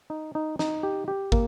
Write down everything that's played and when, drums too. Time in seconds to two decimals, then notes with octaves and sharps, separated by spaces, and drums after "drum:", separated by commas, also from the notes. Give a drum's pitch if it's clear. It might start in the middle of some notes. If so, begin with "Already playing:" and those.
0.10 D#4
0.35 D#4
0.59 D#4, drum: snare
0.83 G4
1.08 G4
1.32 A#3, drum: kick